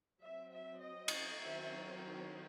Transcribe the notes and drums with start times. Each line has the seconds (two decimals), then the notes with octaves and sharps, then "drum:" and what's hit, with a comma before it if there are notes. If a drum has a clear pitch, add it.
0.20 F#3 C4 E5
0.50 E5
0.81 D#5
1.08 drum: cymbal
1.41 D#3 F#3 C4 E5